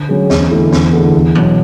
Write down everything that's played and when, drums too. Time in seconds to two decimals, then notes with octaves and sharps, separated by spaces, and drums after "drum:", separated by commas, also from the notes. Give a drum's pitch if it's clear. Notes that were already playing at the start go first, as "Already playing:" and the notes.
Already playing: D3
0.09 F#3 C#4 G#4
0.30 E2, drum: snare
0.51 D3 A3 E4
0.72 E2, drum: snare
0.93 D3 A3 E4 G#4
1.14 E2
1.35 B2 F#3 B3, drum: tom